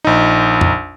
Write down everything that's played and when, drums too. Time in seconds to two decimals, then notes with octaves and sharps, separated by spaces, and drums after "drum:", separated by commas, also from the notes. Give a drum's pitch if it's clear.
0.05 A#1 D#4
0.61 drum: tom